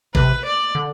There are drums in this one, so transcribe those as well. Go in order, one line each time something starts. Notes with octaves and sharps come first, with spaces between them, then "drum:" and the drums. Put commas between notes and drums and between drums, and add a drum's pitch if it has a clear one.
C3 B4, drum: kick G#1
D5
D3